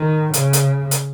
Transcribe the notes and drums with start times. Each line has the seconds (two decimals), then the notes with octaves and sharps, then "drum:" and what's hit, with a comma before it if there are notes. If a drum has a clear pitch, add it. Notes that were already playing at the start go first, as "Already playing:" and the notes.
Already playing: D#3
0.34 C#3, drum: hi-hat
0.53 drum: hi-hat
0.91 drum: hi-hat